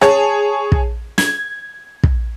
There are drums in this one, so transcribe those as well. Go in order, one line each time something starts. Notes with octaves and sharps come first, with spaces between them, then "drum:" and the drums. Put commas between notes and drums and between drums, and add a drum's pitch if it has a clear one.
G#4 C#5 A5, drum: rim click
drum: kick
G#6, drum: snare
drum: kick